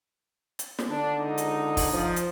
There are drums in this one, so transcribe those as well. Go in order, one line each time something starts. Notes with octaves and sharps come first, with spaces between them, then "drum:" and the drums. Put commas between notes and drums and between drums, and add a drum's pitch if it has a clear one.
drum: hi-hat
drum: snare
D3 D4
C#2 D4 D#4
drum: hi-hat
drum: kick, open hi-hat
F3
drum: hi-hat